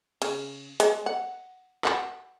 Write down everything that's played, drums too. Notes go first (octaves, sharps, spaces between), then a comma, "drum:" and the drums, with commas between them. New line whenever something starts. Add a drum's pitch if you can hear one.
C#3, drum: cymbal
G#3, drum: hi-hat
F#5
F#5, drum: clap